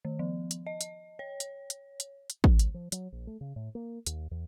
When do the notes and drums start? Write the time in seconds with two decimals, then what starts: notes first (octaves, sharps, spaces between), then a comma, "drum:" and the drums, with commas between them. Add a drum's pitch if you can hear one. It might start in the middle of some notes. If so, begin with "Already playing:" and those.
0.05 D#3
0.19 F3
0.51 drum: hi-hat
0.67 D#5
0.81 drum: hi-hat
1.19 C#5
1.40 drum: hi-hat
1.70 drum: hi-hat
2.00 drum: hi-hat
2.30 drum: hi-hat
2.44 C2, drum: kick
2.59 drum: hi-hat
2.74 F3
2.92 F#3, drum: hi-hat
3.12 A#1
3.27 A3
3.41 C#3
3.56 A2
3.75 A#3
4.06 D#2, drum: hi-hat
4.31 E2